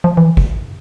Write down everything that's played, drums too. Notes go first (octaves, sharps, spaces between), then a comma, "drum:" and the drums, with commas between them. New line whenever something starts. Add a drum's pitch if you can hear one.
F3
E3
drum: kick